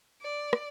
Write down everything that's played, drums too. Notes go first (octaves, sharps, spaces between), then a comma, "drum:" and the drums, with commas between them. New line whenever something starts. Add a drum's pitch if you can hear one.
D5
drum: rim click